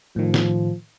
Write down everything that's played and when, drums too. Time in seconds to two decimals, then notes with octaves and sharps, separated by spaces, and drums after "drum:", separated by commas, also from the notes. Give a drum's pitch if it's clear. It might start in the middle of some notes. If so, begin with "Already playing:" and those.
0.16 A2 D#3 F3
0.34 drum: snare